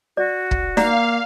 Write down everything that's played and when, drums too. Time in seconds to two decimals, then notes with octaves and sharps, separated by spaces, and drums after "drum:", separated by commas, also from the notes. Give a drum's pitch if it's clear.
0.17 F#4 D5
0.51 drum: kick
0.77 A#3 D5 F5 F#5 A#5, drum: snare D#4